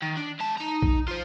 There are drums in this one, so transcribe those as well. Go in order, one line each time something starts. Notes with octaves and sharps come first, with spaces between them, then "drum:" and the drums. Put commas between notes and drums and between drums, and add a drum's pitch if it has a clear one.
D#3
D4
G#3 A5
D#4 A#5
drum: kick
F4 C5